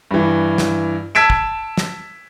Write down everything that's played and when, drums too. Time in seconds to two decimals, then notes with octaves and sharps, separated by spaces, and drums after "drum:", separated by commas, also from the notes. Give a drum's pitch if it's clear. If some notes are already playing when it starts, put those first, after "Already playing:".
0.11 G2 E3
0.58 drum: snare
1.15 A5 E6 G#6 B6 D7 E7
1.30 drum: kick
1.78 drum: snare